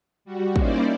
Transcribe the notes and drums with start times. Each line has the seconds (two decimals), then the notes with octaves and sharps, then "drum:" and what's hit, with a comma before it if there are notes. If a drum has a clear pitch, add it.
0.25 G3 F#4
0.56 A#3 C#4 D#4 E4 C5 D5, drum: kick